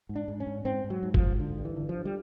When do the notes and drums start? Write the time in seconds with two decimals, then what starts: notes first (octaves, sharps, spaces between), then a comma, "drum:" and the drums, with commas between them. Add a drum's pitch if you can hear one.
0.09 G#2
0.16 D4
0.28 G#2
0.40 C#4
0.47 G#2
0.65 G#2 C4
0.84 G#2
0.90 F#3
1.03 G#2
1.14 F3, drum: kick
1.20 G#2
1.39 D3
1.58 G2
1.65 E3
1.76 D3
1.89 F3
1.96 D3
2.05 G3